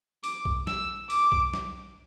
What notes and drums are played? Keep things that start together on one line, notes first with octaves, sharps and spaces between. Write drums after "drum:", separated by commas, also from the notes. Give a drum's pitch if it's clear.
D6, drum: open hi-hat
drum: kick B1
E6, drum: snare
D6, drum: open hi-hat
drum: kick B1
drum: snare